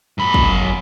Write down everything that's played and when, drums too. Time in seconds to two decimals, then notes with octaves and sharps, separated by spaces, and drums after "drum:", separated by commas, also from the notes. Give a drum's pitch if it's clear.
0.18 F#2 B5
0.34 drum: kick